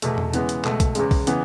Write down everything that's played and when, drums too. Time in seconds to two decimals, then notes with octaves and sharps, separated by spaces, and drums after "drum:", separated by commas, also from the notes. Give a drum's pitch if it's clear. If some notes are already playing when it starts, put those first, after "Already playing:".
0.02 E2 B2 A3, drum: hi-hat
0.18 drum: tom E2
0.33 C#3 E3 G#3 B3, drum: hi-hat
0.49 drum: hi-hat
0.65 C#2 B2 A3, drum: clap
0.80 drum: kick B1, hi-hat
0.95 E2 C#3 G#3, drum: hi-hat
1.11 drum: kick B1, open hi-hat
1.27 C#3 E3 B3, drum: hi-hat